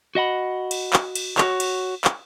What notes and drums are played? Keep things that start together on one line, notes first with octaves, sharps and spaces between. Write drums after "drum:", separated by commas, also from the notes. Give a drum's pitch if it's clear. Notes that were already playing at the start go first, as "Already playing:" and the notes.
F#4 D#5 F#5 B5
drum: cymbal
drum: clap
drum: cymbal
F#4 C#5, drum: clap
drum: cymbal
drum: clap